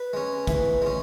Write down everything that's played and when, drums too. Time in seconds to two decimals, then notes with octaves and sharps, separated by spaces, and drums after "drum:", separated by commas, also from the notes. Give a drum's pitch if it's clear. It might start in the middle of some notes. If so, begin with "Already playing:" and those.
Already playing: B4
0.13 G#3 C#4
0.47 E3, drum: kick, hi-hat
0.82 G#3 C#4